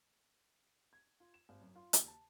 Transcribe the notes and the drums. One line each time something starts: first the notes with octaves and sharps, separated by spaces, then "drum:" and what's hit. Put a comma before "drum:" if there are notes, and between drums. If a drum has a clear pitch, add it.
G#6
F4
E7
G#1
F#2
F4
D#2, drum: hi-hat
A5